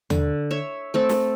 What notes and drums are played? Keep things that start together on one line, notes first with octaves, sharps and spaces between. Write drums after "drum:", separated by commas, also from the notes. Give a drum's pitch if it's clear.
D3, drum: tom D#2
C#5 E5
A3 C4 A4
drum: snare